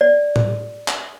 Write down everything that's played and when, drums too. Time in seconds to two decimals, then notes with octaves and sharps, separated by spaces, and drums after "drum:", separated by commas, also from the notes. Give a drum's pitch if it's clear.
0.01 D5
0.36 drum: tom A2
0.88 drum: clap